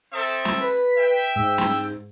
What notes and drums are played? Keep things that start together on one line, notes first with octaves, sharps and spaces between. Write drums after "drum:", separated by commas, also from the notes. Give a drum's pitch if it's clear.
C4 A4 E5 D#6
drum: snare
B4 B6
E5 G5
G#2 E6
drum: snare